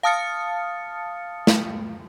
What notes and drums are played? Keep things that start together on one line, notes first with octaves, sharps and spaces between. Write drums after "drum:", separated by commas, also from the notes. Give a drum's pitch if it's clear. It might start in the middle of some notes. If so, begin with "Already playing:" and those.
F5 A5 D#6 F6 A6 C#7
drum: snare